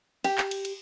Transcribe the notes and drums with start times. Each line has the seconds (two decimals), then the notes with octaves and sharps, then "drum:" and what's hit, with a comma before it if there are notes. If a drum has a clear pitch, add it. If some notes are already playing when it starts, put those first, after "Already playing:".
0.24 G4, drum: cymbal
0.38 drum: clap
0.51 drum: cymbal
0.65 drum: cymbal